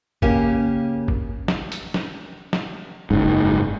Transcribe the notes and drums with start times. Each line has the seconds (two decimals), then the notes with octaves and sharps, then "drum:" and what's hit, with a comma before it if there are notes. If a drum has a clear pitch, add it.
0.22 C#3 A#3 C#4 G4, drum: kick G1
1.08 drum: kick G1
1.48 drum: snare
1.72 drum: hi-hat
1.94 drum: snare
2.53 drum: snare
3.11 F#1 G#2